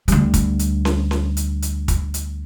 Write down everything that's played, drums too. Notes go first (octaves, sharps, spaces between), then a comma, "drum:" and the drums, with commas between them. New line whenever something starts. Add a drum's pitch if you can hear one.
D2 G3, drum: hi-hat
drum: kick, hi-hat
drum: hi-hat
drum: snare C#4
drum: snare C#4
drum: hi-hat
drum: hi-hat
drum: kick, hi-hat
drum: hi-hat